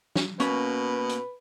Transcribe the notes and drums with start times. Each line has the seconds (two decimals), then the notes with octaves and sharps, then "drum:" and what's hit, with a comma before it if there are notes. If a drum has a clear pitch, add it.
0.16 drum: snare
0.40 B2 A#3 C#4 B4, drum: hi-hat
1.09 drum: hi-hat